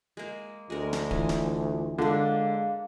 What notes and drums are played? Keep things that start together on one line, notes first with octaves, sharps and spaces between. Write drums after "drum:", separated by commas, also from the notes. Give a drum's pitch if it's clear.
G#3 A#3
D2 G#3 A#4
drum: snare
E3 F4, drum: kick D1
drum: snare
D3 G#3 A#3 D4 F5